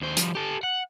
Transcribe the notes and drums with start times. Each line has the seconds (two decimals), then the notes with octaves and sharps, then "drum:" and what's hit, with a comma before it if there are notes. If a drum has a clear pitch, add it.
0.01 D#2 C5
0.17 F3 G3, drum: hi-hat
0.35 G4 A4
0.63 F#5